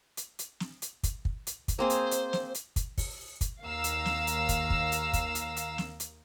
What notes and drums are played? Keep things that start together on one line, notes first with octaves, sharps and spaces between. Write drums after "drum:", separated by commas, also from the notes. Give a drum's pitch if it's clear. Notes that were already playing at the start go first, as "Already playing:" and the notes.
drum: hi-hat
drum: hi-hat
drum: snare
drum: hi-hat
drum: kick, hi-hat
drum: kick
drum: hi-hat
drum: kick, hi-hat
A#3 C4 G#4 C5
drum: hi-hat
drum: hi-hat
drum: snare
drum: hi-hat
drum: kick, hi-hat
drum: kick, open hi-hat
drum: kick, hi-hat
D#2 F5 A#5 E6
drum: hi-hat
drum: snare
drum: hi-hat
drum: kick, hi-hat
drum: kick
drum: hi-hat
drum: kick, hi-hat
drum: hi-hat
drum: hi-hat
drum: snare
drum: hi-hat